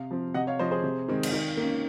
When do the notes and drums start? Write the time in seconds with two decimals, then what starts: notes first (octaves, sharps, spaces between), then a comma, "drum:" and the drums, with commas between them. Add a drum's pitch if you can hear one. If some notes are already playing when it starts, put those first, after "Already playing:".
Already playing: C3 F5
0.11 F3 C4
0.34 C3 D#5 F#5
0.47 C#5 F5
0.59 F3 C4 C5 D#5
0.71 G#4 C5
0.84 C3
1.08 D#3 G#3 C4
1.23 drum: cymbal
1.33 D#3
1.57 A#3 C#4